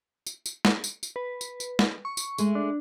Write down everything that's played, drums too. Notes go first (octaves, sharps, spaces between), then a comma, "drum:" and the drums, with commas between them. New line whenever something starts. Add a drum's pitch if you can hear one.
drum: tambourine
drum: tambourine
drum: snare
drum: tambourine
drum: tambourine
B4
drum: tambourine
drum: tambourine
drum: snare
C#6
drum: tambourine
G#3 A3, drum: tambourine
D4